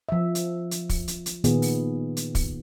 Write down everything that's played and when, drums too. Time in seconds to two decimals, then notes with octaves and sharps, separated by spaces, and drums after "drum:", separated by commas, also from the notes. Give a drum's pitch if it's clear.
0.09 F3 E5
0.35 drum: hi-hat
0.71 drum: hi-hat
0.89 drum: kick, open hi-hat
1.08 drum: hi-hat
1.26 drum: hi-hat
1.44 A#2 D#3 B3 G#4, drum: hi-hat
1.62 drum: open hi-hat
2.17 drum: hi-hat
2.35 drum: kick, open hi-hat